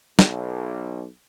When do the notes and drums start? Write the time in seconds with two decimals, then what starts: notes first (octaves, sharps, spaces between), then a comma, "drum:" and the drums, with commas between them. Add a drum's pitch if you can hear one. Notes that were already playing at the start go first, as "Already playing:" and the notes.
0.19 B1, drum: snare